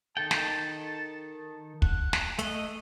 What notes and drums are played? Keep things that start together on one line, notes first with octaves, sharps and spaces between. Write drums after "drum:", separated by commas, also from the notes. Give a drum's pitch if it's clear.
D#3 A4 G5 A5
drum: snare
F#5, drum: kick
drum: snare
A3 D#5, drum: hi-hat